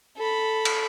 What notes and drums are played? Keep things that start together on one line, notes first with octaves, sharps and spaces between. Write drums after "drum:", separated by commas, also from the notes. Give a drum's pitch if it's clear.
A4 B5
drum: cymbal